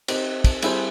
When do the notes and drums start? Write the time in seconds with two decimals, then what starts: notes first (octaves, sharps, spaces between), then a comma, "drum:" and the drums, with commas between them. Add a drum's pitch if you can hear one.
0.08 C4 D#4 G4, drum: cymbal
0.44 drum: kick, cymbal
0.62 G3 C4 E4 G#4 C5, drum: cymbal